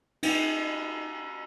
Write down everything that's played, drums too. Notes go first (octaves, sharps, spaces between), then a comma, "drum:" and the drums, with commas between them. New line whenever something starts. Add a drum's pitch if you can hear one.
D#4, drum: cymbal